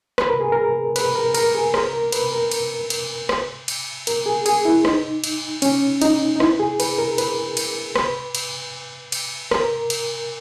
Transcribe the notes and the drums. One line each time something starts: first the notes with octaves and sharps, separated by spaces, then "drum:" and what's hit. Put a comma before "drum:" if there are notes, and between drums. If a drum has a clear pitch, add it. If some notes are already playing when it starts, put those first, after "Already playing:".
B4, drum: rim click
A#4
G#4
A#4
B4, drum: cymbal
A#4
A#4, drum: cymbal
G#4
A#4, drum: rim click
A#4
B4, drum: cymbal
A#4
drum: cymbal
drum: cymbal
drum: rim click
drum: cymbal
A#4, drum: cymbal
G#4
G#4, drum: cymbal
E4
D#4, drum: rim click
drum: cymbal
C#4, drum: cymbal
D#4, drum: cymbal
D#4
E4, drum: rim click
G#4
B4, drum: cymbal
A#4
B4, drum: cymbal
drum: cymbal
B4, drum: rim click
drum: cymbal
drum: cymbal
A#4, drum: rim click
drum: cymbal